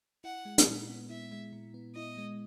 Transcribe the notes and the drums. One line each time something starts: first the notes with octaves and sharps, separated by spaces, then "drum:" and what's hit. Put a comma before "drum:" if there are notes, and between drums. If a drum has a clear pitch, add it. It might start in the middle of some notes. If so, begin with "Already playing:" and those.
E4 F#5
G#3
drum: hi-hat
A#2
B3
E4 E5
G#3
A#2
B3
E4 D#5
G#3